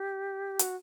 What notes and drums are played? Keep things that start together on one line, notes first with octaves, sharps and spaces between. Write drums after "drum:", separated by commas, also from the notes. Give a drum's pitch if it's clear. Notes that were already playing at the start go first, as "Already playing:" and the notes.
Already playing: G4
F#4, drum: hi-hat